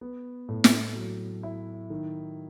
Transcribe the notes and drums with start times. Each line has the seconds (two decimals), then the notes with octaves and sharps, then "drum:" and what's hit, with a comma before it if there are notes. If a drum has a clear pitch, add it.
0.01 B3
0.49 A2
0.64 drum: snare
0.95 F#3
1.43 E4
1.90 D#3